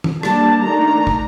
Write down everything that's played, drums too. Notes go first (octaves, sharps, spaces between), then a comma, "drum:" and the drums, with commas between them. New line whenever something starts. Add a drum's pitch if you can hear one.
drum: tom
G3 A#3 D4 A5, drum: rim click
D#3 A3 D4 A#5
drum: kick